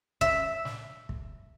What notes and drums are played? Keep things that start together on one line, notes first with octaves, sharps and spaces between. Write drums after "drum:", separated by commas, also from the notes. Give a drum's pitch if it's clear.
E5, drum: kick
drum: snare
drum: kick